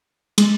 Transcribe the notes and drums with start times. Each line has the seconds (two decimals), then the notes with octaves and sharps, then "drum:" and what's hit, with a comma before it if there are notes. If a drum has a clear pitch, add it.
0.38 G#3, drum: cymbal